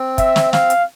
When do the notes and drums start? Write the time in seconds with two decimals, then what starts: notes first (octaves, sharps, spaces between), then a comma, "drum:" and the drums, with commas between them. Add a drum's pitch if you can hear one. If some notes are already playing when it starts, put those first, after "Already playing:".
Already playing: C4
0.18 E5, drum: kick, hi-hat
0.36 drum: snare
0.53 F5, drum: snare
0.70 drum: hi-hat